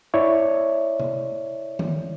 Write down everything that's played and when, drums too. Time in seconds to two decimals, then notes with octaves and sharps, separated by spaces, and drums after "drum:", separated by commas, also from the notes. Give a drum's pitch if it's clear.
0.14 E4 C#5 D5 E5
1.00 drum: tom C3
1.79 drum: tom D#3